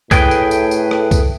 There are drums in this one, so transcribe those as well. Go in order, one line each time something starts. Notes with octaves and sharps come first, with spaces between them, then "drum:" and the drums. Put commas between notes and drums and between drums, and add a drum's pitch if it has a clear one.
A2 A3 G#4 B4 G5, drum: kick C2, tambourine
drum: tambourine
drum: tambourine
drum: tambourine
drum: rim click
drum: kick C2, tambourine